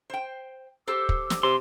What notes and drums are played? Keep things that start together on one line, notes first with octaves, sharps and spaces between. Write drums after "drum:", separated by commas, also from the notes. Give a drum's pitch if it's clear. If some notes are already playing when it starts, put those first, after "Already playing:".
C5 G5
G4 A4 C5 D6 E6
drum: kick
drum: snare
C3 C6